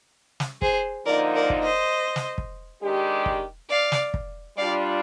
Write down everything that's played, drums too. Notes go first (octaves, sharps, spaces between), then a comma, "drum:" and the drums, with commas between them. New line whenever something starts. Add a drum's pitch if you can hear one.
drum: snare
G#4 C5, drum: kick
D3 F3 A#3 D#4 A#4 D5
A#4 D5
drum: kick
C5 D#5
drum: snare
drum: kick
D#3 G#3 D4 G4
drum: kick
D5 F5
drum: snare
drum: kick
G3 D4 F4 D5 F5